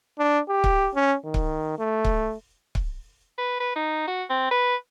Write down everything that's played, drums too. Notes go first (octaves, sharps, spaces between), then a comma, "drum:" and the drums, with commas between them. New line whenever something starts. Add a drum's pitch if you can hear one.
D4
G4
drum: kick C#1
C#4
D#3
drum: kick C#1
A3
drum: kick C#1
drum: kick C#1
B4
B4
D#4
F#4
C4
B4